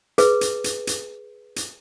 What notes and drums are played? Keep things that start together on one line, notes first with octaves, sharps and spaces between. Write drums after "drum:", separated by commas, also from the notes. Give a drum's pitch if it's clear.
G#4 B4, drum: hi-hat
drum: hi-hat
drum: hi-hat
drum: hi-hat
drum: hi-hat